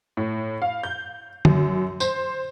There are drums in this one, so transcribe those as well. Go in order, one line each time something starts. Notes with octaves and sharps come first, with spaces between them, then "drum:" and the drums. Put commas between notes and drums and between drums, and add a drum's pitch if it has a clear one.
A2
F5
G6
F#2, drum: tom D3
C5, drum: tambourine